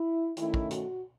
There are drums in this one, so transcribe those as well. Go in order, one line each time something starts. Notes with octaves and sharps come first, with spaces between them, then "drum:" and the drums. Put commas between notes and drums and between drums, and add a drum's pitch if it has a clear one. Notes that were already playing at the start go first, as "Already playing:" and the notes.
Already playing: E4
D#3 A3 C#4 E4, drum: hi-hat
drum: kick
F#4, drum: hi-hat